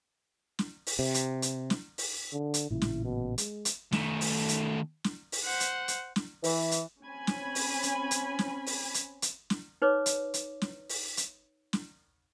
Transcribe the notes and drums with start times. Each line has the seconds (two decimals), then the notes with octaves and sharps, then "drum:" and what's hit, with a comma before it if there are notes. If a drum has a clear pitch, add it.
0.59 drum: snare
0.87 drum: open hi-hat
0.99 C3
1.14 drum: hi-hat
1.42 drum: hi-hat
1.70 drum: snare
1.98 drum: open hi-hat
2.32 D3
2.54 drum: hi-hat
2.70 A1 A#2 C#3 E4
2.82 drum: snare
3.04 B2
3.38 G#3, drum: hi-hat
3.65 drum: hi-hat
3.92 D#3 A3, drum: snare
4.21 drum: open hi-hat
4.49 drum: hi-hat
5.04 drum: snare
5.32 drum: open hi-hat
5.44 C5 F#5
5.60 drum: hi-hat
5.88 drum: hi-hat
6.16 drum: snare
6.44 E3, drum: open hi-hat
6.72 drum: hi-hat
7.03 C4 C#4 G#5 B5
7.27 drum: snare
7.55 drum: open hi-hat
7.83 drum: hi-hat
8.11 drum: hi-hat
8.39 drum: snare
8.66 drum: open hi-hat
8.94 drum: hi-hat
9.22 drum: hi-hat
9.50 drum: snare
9.82 D#4 B4 C#5 D6
10.06 drum: hi-hat
10.34 drum: hi-hat
10.61 drum: snare
10.89 drum: open hi-hat
11.17 drum: hi-hat
11.73 drum: snare